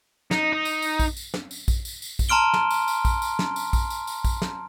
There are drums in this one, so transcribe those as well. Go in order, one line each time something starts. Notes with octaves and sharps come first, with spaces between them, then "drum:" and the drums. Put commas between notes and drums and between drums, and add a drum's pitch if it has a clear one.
D#4, drum: snare
D#4
drum: tambourine
drum: tambourine
drum: kick A#1, tambourine
drum: tambourine
drum: snare
drum: tambourine
drum: kick A#1, tambourine
drum: tambourine
drum: tambourine
drum: kick A#1, tambourine
A5 A#5 C6 F6 D7 G7
drum: snare
drum: tambourine
drum: tambourine
drum: kick A#1, tambourine
drum: tambourine
drum: snare
drum: tambourine
drum: kick A#1, tambourine
drum: tambourine
drum: tambourine
drum: kick A#1, tambourine
drum: snare